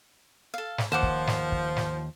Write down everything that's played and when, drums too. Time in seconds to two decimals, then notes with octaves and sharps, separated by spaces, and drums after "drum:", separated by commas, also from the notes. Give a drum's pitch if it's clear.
0.54 A4 F5
0.78 drum: snare
0.92 D#2 F3 C5 F#5 D6
1.03 drum: kick
1.27 drum: snare
1.52 drum: kick
1.77 drum: snare